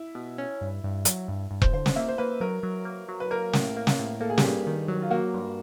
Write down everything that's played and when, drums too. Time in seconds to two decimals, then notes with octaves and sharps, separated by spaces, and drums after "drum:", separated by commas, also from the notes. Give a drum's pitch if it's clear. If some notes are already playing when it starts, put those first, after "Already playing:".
Already playing: E4
0.15 B2
0.38 C#4
0.61 G2
0.84 G2
1.05 F#3, drum: hi-hat
1.28 G2
1.51 G2
1.62 C5, drum: kick E1
1.73 D3 C5
1.86 drum: snare
1.96 A#3 E5
2.08 C5
2.18 A#3 B4
2.40 F#3 A#4
2.63 F#3
2.85 A#3
3.08 F#3
3.20 B4
3.31 A#3 A#4
3.53 A2, drum: snare
3.77 A#3
3.87 drum: snare
3.99 A2
4.20 A#3 A4
4.30 G#4
4.38 G4, drum: snare
4.44 G2 G#4
4.67 D#3
4.88 F#3
5.02 F4
5.11 A#3 F#4
5.34 G2